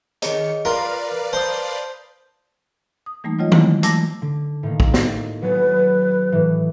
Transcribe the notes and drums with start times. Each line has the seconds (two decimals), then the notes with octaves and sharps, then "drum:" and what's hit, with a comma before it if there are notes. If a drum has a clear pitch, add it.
0.22 D#3 G#4 C#5 D#5 C#7, drum: hi-hat
0.65 F4 A#4 B4 D5 F5 A#5 F6
1.33 C5 A5 D#6
3.06 D#6
3.24 E3 G3 A3 A#3 D#4
3.39 F#3 G3 A3 F4 C#5 D#5
3.52 E3 G#3 E4, drum: tom D#3
3.66 F#3
3.83 E3 A3 A5 D6 E6 A#6, drum: hi-hat
4.22 D3
4.63 A2 D#3 A#3
4.80 drum: kick
4.94 drum: snare
5.42 F#3 G#3 B3 B4
6.32 A2 E3